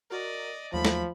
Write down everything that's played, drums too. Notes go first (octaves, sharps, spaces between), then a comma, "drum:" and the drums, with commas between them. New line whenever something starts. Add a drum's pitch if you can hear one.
F#4 A#4 D5 D#5
D#2 F3 F#3 A3 B5
drum: snare